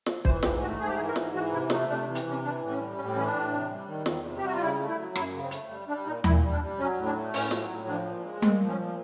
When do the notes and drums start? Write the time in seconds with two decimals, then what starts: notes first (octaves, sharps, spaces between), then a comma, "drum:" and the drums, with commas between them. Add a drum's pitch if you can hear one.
0.06 drum: snare
0.25 E3 C5, drum: kick
0.43 G#2 G4, drum: snare
0.61 A3 F#4
0.80 G#2 G#4
0.87 G4
0.96 E3 G#4
1.07 A#4
1.16 G#2, drum: snare
1.34 E3 F#4
1.52 C3 E4
1.70 A3 D#4, drum: snare
1.89 C3 D4
2.01 D4
2.07 E3
2.15 C4, drum: hi-hat
2.25 C3 C#4
2.43 E3 D4
2.61 A2
2.71 C#4
2.79 G3
2.97 A2 C#4
3.08 C4
3.15 E3 C#4
3.25 D4
3.33 A2
3.52 C3
3.70 G3
3.88 D#3
4.06 E2, drum: snare
4.25 C3
4.38 G4
4.43 G3 F#4
4.54 F4
4.61 C#3 E4
4.79 A3
4.89 E4
4.97 F#3
5.15 F#2 E4, drum: rim click
5.33 C#3
5.43 C4
5.51 A3, drum: hi-hat
5.69 G3
5.88 G3 D4
6.06 A#2 D#4
6.24 A#2 E4, drum: tom D#2
6.43 G3
6.52 D4
6.61 G3
6.79 F#3 C#4
6.97 A2
7.05 D4
7.14 A3
7.34 A2 C#4, drum: open hi-hat
7.51 F#3, drum: snare
7.69 A2
7.88 F3 D4
8.06 A#2
8.23 G#3
8.42 A#2 C4, drum: tom G3
8.61 F3
8.69 C#4
8.78 A#2